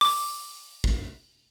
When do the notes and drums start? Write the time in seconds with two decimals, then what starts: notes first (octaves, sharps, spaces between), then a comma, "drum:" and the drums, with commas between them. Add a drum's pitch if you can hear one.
0.01 D6, drum: open hi-hat
0.84 drum: kick G#1